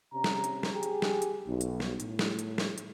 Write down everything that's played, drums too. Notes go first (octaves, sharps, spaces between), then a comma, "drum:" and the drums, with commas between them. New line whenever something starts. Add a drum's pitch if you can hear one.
C3 C#4 A#5
drum: snare
drum: hi-hat
drum: snare
G4 G#4
drum: hi-hat
drum: snare
drum: hi-hat
B1
drum: hi-hat
drum: snare
A2, drum: hi-hat
drum: snare
drum: hi-hat
drum: snare
drum: hi-hat